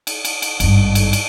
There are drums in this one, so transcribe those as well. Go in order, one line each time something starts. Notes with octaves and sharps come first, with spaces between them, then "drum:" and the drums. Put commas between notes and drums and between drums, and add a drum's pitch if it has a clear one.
drum: cymbal
drum: cymbal
drum: cymbal
G#1 G2, drum: cymbal
drum: cymbal
drum: cymbal